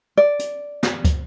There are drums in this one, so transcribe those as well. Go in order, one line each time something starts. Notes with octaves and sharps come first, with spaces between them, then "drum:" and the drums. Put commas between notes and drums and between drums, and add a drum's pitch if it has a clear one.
D5
drum: hi-hat
drum: snare
drum: kick, hi-hat